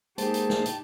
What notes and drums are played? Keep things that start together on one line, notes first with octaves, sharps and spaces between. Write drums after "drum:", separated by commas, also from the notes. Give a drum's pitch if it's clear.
G#3 A#3 D#4 G4 G#4 C5 A5, drum: hi-hat
drum: hi-hat
drum: snare
drum: hi-hat